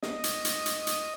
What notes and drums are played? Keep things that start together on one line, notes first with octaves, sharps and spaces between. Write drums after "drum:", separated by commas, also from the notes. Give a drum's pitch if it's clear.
D#5, drum: snare
drum: hi-hat
drum: hi-hat
drum: hi-hat
drum: hi-hat